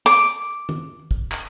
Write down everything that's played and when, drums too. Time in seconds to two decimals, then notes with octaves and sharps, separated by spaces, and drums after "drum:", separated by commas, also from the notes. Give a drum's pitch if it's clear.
0.06 D6
0.69 drum: tom D#3
1.11 drum: kick
1.32 drum: clap